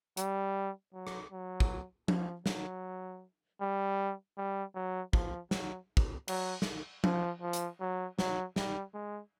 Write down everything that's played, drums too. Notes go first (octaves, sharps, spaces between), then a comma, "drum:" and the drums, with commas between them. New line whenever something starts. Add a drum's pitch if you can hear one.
G3, drum: hi-hat
F#3
drum: rim click
F#3
drum: kick
F3, drum: tom F3
F#3, drum: snare
G3
G3
F#3
F3, drum: kick
F#3, drum: snare
drum: kick
F#3, drum: cymbal
drum: snare
F3, drum: tom F3
F3
drum: hi-hat
F#3
F#3, drum: snare
G3, drum: snare
G#3